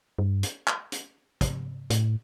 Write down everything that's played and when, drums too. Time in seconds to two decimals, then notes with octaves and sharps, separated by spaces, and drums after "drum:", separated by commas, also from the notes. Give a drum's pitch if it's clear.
0.19 G2
0.43 drum: hi-hat
0.67 drum: clap
0.92 drum: hi-hat
1.41 drum: kick, hi-hat
1.90 A2, drum: hi-hat